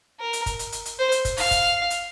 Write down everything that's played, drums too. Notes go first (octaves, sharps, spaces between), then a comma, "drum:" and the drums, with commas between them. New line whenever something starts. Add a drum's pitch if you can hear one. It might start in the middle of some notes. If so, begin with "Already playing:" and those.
A#4
drum: hi-hat
drum: kick, hi-hat
drum: hi-hat
drum: hi-hat
drum: hi-hat
C5
drum: hi-hat
drum: kick, hi-hat
F5, drum: open hi-hat
drum: kick, hi-hat
drum: hi-hat